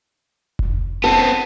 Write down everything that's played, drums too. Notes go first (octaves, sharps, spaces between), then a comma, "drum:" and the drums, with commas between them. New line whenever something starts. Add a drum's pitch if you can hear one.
drum: kick F1
B3 C4 A4